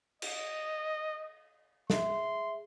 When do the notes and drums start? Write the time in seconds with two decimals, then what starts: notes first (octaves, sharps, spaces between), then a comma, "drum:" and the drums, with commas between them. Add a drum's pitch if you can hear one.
0.22 D#5, drum: cymbal
1.90 G#4 E5 C6, drum: snare